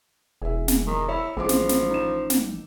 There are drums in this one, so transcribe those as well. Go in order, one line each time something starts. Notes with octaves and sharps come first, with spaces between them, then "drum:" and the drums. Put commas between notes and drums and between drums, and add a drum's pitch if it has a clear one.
E1 G#4 E5
drum: snare
D#3
E4 C#5 E6
A1 F3 G#3 D6
drum: snare
drum: snare
D#4 E7
drum: snare